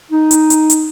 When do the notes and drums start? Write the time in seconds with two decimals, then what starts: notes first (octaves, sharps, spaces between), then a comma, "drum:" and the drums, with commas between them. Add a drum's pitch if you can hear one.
0.11 D#4
0.31 drum: hi-hat
0.50 drum: hi-hat
0.70 drum: hi-hat